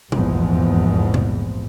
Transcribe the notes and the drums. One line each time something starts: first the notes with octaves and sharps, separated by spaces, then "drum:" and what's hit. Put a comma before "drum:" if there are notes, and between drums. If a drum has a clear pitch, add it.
F1 A#1 E2 G#2 F3, drum: tom B2
drum: tom B2